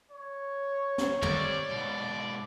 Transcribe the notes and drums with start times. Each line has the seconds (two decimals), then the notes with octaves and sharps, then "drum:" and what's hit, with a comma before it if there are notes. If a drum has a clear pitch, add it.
0.11 C#5
0.98 drum: snare
1.22 G3 C4 D5, drum: tom
1.71 G#2 B2